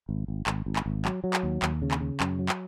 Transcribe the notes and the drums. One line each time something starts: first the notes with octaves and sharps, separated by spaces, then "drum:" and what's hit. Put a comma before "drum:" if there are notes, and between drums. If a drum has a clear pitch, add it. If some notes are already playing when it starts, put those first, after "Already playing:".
G#1
G#1
G#1, drum: clap
G#1
drum: clap
G#1
F#3, drum: clap
F#3
drum: clap
D#2
D#2, drum: clap
C#3
drum: clap
C#3
F#2, drum: clap
F#3
drum: clap